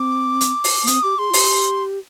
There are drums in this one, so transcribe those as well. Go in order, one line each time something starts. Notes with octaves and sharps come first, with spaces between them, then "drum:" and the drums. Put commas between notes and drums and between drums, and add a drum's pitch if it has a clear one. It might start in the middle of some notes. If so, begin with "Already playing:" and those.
Already playing: C4 D6
drum: hi-hat
drum: open hi-hat
A#3
C4 D#6, drum: hi-hat
G4 D6
G#4 C6
F4
G4, drum: open hi-hat